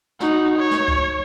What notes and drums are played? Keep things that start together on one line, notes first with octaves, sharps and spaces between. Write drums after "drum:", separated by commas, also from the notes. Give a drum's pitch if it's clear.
D#4 F#4, drum: snare
C#5
drum: snare
drum: kick C#2